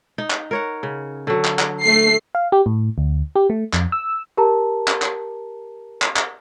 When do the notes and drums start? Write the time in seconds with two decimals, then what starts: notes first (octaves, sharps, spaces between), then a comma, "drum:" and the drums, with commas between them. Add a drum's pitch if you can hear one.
0.18 D#4
0.30 drum: clap
0.51 A#4 C#5 F#5
0.83 C#3
1.27 D3 F#3
1.45 drum: clap
1.59 drum: clap
1.83 A3 C7
2.35 F5
2.52 G4
2.66 A2
2.98 D2
3.36 G4
3.50 A3
3.73 F2, drum: clap
3.92 E6
4.37 G4 A#4 A5 A#5
4.88 drum: clap
5.02 drum: clap
6.02 drum: clap
6.16 drum: clap